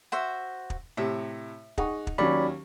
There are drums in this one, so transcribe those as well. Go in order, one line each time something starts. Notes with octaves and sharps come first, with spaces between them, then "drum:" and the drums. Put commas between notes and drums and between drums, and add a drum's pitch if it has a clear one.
F#4 C5 E5
drum: kick
A2 C3 E5
D#4 G#4 F#5 C#6, drum: kick
drum: kick
D#2 D#3 F#3 C#4 D5 B5 C#6